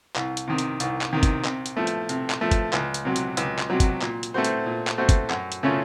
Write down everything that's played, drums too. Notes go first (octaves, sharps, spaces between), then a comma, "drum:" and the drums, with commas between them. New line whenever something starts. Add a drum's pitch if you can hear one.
C2, drum: clap
drum: hi-hat
C3 D#3
drum: hi-hat
C2, drum: hi-hat
drum: clap
C3 D#3
drum: kick, hi-hat
C3, drum: clap
drum: hi-hat
F3 A3
drum: hi-hat
C3, drum: hi-hat
drum: clap
F3 A3
drum: kick, hi-hat
C#2, drum: clap
drum: hi-hat
C3 F#3
drum: hi-hat
C#2, drum: hi-hat
drum: clap
C3 F#3
drum: kick, hi-hat
A#2, drum: clap
drum: hi-hat
A3 C4 F#4 C5
drum: hi-hat
A#2
drum: clap
A3 C4 F#4 C5
drum: kick, hi-hat
F#2, drum: clap
drum: hi-hat
C#3 A3 C#4 F4